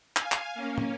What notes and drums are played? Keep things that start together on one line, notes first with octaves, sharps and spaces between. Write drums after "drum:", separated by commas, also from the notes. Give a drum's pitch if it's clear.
F5 G#5, drum: clap
drum: clap
A#3 C#4
drum: tom